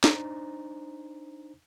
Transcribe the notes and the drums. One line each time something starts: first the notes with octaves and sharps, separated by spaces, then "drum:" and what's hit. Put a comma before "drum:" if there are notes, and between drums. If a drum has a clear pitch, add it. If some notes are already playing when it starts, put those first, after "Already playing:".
D4 D#4 C5 A#5, drum: snare